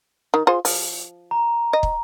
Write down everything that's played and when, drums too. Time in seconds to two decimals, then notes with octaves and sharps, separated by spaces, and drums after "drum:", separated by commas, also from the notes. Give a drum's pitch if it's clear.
0.34 D#3
0.47 F4 G#4 C5
0.65 F3, drum: open hi-hat
1.31 A#5
1.73 D#5
1.83 drum: kick